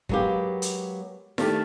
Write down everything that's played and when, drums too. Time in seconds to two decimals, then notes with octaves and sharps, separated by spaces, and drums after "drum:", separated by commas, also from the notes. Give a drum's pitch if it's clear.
0.09 F#3 G#3 A#3 B3 G4, drum: kick
0.62 drum: hi-hat
1.38 D#3 A3 D4 G4 G#4 A#4, drum: snare E4